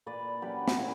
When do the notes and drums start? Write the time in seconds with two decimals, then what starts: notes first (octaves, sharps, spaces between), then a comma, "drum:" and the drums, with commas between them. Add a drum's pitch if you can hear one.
0.06 A#2 B4 D5
0.42 F#3 C#4 G4 B4
0.68 drum: snare
0.77 A#2 E4